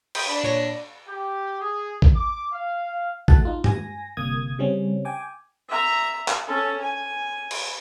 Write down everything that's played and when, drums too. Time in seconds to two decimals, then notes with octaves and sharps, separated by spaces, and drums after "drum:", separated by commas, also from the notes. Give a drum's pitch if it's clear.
0.15 G5 B5 D#6, drum: cymbal
0.29 D4 B5
0.43 A#2 C#5 A#6
1.08 G4
1.61 G#4
2.02 drum: kick A1
2.15 D6
2.52 F5
3.28 A3 F#4 A5 F#6, drum: kick A1
3.45 D#4 F4
3.64 G#5 A#6, drum: tom G2
4.17 G1 C3 A#3 D#6 G#6
4.58 C#3 G3 C4 C#4
5.05 G5 G#5 D6
5.69 E5 A#5
6.28 drum: clap
6.47 C#4 A4
6.82 G#5
7.51 drum: cymbal